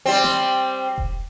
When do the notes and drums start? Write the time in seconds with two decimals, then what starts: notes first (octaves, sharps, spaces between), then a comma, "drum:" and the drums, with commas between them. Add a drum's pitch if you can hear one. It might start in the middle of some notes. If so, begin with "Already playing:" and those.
0.06 G3 C4
0.24 drum: snare
0.98 drum: kick E1